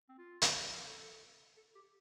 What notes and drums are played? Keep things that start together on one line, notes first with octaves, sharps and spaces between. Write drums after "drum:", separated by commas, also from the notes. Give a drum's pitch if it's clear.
C4
F4
drum: hi-hat
A4
A4
G4